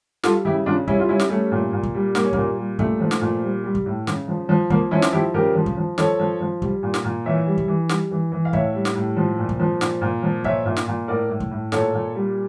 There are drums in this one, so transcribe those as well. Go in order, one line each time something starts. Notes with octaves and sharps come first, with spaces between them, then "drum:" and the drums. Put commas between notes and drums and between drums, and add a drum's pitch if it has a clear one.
G3 F4 A4, drum: snare
C#3 E4 G4
C#3 D4 F4
G3 C#4 E4, drum: kick
F4
G3 C#4 E4
drum: snare
G3 A3 C#4
A#2
A#2
drum: kick
G3
G3 A#3, drum: snare
C#4
A#2 A#3, drum: kick
G3
A#2 A3, drum: kick
F3
drum: snare
A#2
G3
G3
drum: kick
A2
C#3, drum: snare
F3
F3
F3 A#3, drum: kick
F3 C#4 E4
drum: snare
F3 E4 G4
C#3 G4 A#4
F3
drum: kick
F3
F3 A4 C#5, drum: snare
F3
F3
G3, drum: kick
A#2
drum: snare
A#2
E3 C#5 E5
G3
drum: kick
E3
G3, drum: snare
E3
E3
F5
A2 C#5 E5, drum: kick
G3
drum: snare
A2
F3
A#2
drum: kick
F3
A#2, drum: snare
A#2
F3
A#2 C#5 E5, drum: kick
A#2
drum: snare
A#2
A2 A#4 D5
A2
drum: kick
A2
A#2 A4 C#5, drum: snare
A#2
G3